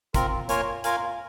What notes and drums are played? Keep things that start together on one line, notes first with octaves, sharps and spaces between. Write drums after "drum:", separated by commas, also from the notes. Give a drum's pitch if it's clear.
C4 F4 A#4, drum: kick, hi-hat
A#3 F4 A#4 C#5 G#5, drum: hi-hat
F4 A#4 F5 G#5, drum: hi-hat